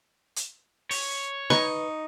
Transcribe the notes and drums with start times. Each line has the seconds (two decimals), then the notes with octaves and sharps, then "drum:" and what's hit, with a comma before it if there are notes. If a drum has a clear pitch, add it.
0.36 drum: hi-hat
0.91 C#5, drum: open hi-hat
1.50 D#4 B4 C#6, drum: snare